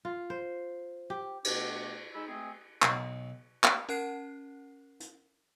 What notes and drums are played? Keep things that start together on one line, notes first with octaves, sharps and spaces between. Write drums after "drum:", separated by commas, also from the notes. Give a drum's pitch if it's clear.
F4
C5
G4
B2 A3 D4 F#4 G4, drum: cymbal
G#3 D#4 B5 E6
G#3 A3 C4 G#4
B1, drum: clap
drum: clap
C#4 A#4 F#5 F#6 C7
drum: hi-hat